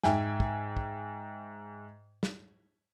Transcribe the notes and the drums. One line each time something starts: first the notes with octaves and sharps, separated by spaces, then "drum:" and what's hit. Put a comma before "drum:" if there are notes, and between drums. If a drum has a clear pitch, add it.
G#2 E5 G5 G#5, drum: snare
drum: kick
drum: kick
drum: snare